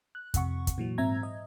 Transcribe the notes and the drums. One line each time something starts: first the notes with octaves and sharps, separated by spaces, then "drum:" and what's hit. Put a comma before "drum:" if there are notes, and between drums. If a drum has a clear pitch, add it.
F#6
F2 C3 F#5 C#6, drum: kick, hi-hat
drum: kick, hi-hat
A#2 E3 F#3
G#2 C4 E5 A#5 G#6
D#5